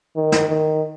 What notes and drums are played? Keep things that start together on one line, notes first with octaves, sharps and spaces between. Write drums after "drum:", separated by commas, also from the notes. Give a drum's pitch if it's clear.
D#3
drum: snare
D#3